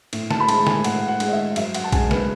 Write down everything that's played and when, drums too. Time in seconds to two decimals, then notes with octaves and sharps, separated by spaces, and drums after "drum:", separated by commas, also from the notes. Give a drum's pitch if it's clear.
0.13 A2, drum: cymbal
0.31 A5, drum: snare
0.40 B5
0.49 G#3 A5, drum: cymbal
0.67 G#5, drum: snare
0.84 A2 F#5, drum: cymbal
1.08 F#5
1.20 G#3, drum: cymbal
1.28 D#5
1.33 E5
1.56 F#2 E5, drum: cymbal
1.74 F#5, drum: cymbal
1.84 A5
1.92 C#3 G#3 G#5, drum: kick, cymbal
2.11 B4, drum: snare